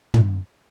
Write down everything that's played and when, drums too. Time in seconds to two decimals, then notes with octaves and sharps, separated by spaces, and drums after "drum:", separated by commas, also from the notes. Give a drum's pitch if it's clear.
0.14 A#2, drum: tom